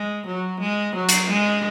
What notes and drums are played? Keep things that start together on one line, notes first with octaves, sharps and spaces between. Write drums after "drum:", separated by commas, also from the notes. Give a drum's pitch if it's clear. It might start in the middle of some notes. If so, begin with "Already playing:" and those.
Already playing: G#3
F#3
G#3
F#3
drum: hi-hat
G#3